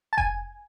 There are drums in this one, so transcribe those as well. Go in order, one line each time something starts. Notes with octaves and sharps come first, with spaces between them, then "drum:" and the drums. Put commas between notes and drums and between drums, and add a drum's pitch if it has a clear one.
A5
G#5, drum: kick F1